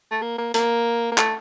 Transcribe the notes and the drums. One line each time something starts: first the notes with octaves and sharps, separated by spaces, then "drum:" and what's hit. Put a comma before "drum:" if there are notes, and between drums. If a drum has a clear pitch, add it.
A3
A#3
A#3
A#3, drum: hi-hat
A#3
A3, drum: clap